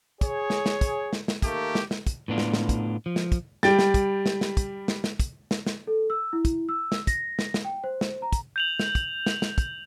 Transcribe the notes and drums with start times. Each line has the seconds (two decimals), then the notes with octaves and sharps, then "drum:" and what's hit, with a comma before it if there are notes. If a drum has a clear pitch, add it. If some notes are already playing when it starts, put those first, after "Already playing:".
0.21 G#4 C#5, drum: kick, hi-hat
0.50 drum: snare
0.66 drum: snare
0.81 drum: kick, hi-hat
1.13 drum: snare
1.28 drum: snare
1.42 D#3 A3 A#3 G4, drum: kick, hi-hat
1.75 drum: snare
1.91 drum: snare
2.07 drum: kick, hi-hat
2.28 A2 B3 D4 F4
2.38 drum: snare
2.53 drum: snare
2.69 drum: kick, hi-hat
3.06 F3
3.16 drum: snare
3.32 drum: kick, hi-hat
3.63 G3 G5 A6, drum: snare
3.79 drum: snare
3.94 drum: kick, hi-hat
4.26 drum: snare
4.41 drum: snare
4.57 drum: kick, hi-hat
4.88 drum: snare
5.04 drum: snare
5.20 drum: kick, hi-hat
5.51 drum: snare
5.66 drum: snare
5.87 A4
6.10 E6
6.33 E4
6.45 drum: kick, hi-hat
6.69 E6
6.92 drum: snare
7.07 A#6, drum: kick, hi-hat
7.39 drum: snare
7.54 drum: snare
7.65 G5
7.84 C5
8.01 drum: snare
8.22 A#5
8.33 drum: kick, hi-hat
8.56 G6 F7 F#7
8.79 drum: snare
8.95 drum: kick, hi-hat
9.26 drum: snare
9.42 drum: snare
9.58 drum: kick, hi-hat